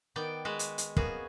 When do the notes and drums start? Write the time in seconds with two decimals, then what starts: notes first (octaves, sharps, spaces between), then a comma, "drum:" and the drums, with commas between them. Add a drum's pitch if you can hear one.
0.16 D#3 B3 D5 G5
0.45 G#3 F#4 B4
0.59 drum: hi-hat
0.78 drum: hi-hat
0.97 A#3 B3 C#4 F#4 G#4, drum: kick